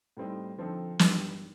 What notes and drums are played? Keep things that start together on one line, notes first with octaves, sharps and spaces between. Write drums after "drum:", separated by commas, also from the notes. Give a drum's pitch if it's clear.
A2 G3 C4 D#4
D3 F3 C4 D#4 A4
G2 D#3 G3, drum: snare